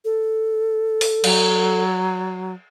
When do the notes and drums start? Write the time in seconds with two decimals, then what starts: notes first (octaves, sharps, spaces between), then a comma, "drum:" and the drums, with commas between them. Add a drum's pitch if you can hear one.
0.05 A4
1.01 drum: open hi-hat
1.24 F#3, drum: cymbal